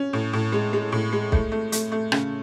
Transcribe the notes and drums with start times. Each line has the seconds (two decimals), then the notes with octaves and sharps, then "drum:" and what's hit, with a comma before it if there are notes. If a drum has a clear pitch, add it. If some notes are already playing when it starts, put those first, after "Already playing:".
Already playing: C#4
0.13 A2
0.33 A2
0.52 G#3
0.73 G#3
0.92 A2
1.12 G#3
1.32 A3, drum: kick
1.52 A3
1.72 A3, drum: hi-hat
1.92 A3
2.12 C#3, drum: rim click